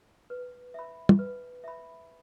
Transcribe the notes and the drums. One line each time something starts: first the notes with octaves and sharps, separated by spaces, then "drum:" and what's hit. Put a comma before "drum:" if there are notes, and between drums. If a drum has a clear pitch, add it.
B4
E5 B5
drum: tom
B4
E5 B5